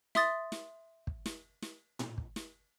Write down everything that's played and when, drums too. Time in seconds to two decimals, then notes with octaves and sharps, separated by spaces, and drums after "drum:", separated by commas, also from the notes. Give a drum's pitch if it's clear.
0.15 E5 C6 D#6 A6, drum: snare
0.52 drum: snare
1.07 drum: kick
1.26 drum: snare
1.62 drum: snare
1.99 drum: tom A2
2.18 drum: kick
2.36 drum: snare